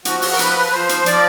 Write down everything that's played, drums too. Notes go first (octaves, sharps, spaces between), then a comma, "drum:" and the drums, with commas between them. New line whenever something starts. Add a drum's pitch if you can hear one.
F3 F#4, drum: hi-hat
drum: open hi-hat
A#4
F3 B4, drum: hi-hat
F3 C5
drum: hi-hat
F3 D5, drum: hi-hat